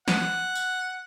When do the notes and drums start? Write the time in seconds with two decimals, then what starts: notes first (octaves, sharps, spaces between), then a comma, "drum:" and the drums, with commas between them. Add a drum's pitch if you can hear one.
0.08 F#5, drum: snare
0.55 drum: tambourine